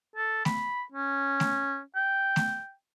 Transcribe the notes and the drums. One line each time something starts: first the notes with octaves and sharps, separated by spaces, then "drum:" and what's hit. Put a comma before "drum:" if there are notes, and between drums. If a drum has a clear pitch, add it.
A4
B5, drum: snare A3
C#4
drum: snare A3
G5
drum: snare A3